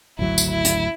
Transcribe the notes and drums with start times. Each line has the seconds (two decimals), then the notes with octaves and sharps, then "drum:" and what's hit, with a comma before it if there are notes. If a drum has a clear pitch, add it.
0.19 G#1 D2 F#3 E4
0.38 drum: tambourine
0.51 E4
0.65 drum: hi-hat